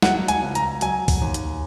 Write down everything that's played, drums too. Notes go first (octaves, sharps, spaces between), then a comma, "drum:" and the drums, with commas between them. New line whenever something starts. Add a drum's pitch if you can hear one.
F#3 F#5, drum: snare
G#5, drum: hi-hat
C#2
A#5, drum: hi-hat
F#3 G#5, drum: hi-hat
drum: kick, open hi-hat
D#2
drum: hi-hat